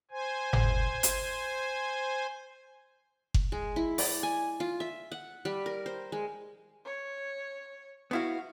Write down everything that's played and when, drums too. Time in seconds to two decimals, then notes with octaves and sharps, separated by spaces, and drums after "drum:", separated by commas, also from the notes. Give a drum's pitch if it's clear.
0.11 C5 G#5
0.53 drum: tom G1
1.03 drum: hi-hat
3.34 drum: kick F#1
3.52 G#3
3.76 E4
3.98 D5, drum: open hi-hat
4.23 G#5
4.60 F4
4.80 E5
5.12 F#5
5.45 G3
5.66 A#4
5.86 C5
6.12 G#3
6.85 C#5
8.11 B3 E4 F#4 F5